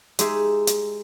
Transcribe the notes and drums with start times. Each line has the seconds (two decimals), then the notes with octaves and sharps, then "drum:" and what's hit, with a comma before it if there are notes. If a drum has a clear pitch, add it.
0.19 G#3 D#4 G4 G#4 E5, drum: hi-hat
0.67 drum: hi-hat